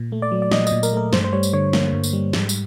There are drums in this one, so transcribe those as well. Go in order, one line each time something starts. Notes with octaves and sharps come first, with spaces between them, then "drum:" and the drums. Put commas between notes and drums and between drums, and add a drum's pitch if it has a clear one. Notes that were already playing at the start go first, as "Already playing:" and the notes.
Already playing: A#2
A3
D5
F#3
D5
A#2 D#5, drum: snare
D#5, drum: tambourine
A#2
A#4, drum: tambourine
A3 A#4
G2 C5, drum: snare
C5
G3 C#5
drum: tambourine
D3 C#5
A#3, drum: snare
G2
drum: tambourine
G3
G#2, drum: snare
drum: tambourine